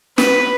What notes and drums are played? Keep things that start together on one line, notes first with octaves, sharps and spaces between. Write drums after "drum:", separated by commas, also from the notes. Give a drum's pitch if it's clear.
B4, drum: snare